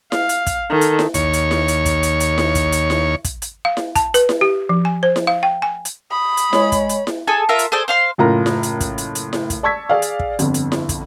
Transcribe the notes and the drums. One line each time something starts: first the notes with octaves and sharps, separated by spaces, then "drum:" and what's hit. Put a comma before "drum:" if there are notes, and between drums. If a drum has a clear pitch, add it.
F5, drum: snare E4
drum: hi-hat
drum: kick, hi-hat
D#3 A4
drum: hi-hat
drum: snare E4
D#2 C#5, drum: kick, hi-hat
drum: hi-hat
drum: snare E4
drum: hi-hat
drum: kick, hi-hat
drum: hi-hat
drum: hi-hat
drum: snare E4
drum: kick, hi-hat
drum: hi-hat
drum: snare E4
drum: kick, hi-hat
drum: hi-hat
F5
drum: snare E4
A5, drum: kick, hi-hat
B4, drum: hi-hat
drum: snare E4
G4
F3
G#5
C5
drum: snare E4
F5
G5
G#5
drum: hi-hat
B5 D#6
drum: hi-hat
G#3 C#5, drum: snare E4
drum: kick, hi-hat
drum: hi-hat
drum: snare E4
G#4 A4 G#5
F4 A#4 E5 F5
drum: hi-hat
G#4 A4 C5 D5
C5 F5 C6
F#1 A2 F4 A#4 A#5
drum: snare E4
drum: hi-hat
drum: kick, hi-hat
drum: hi-hat
drum: hi-hat
drum: snare E4
drum: kick, hi-hat
D5 A5 C#6 E6 G#6 B6
G#4 D5 F5
drum: hi-hat
drum: kick
G1 F2, drum: hi-hat
drum: hi-hat
drum: snare E4
drum: kick, hi-hat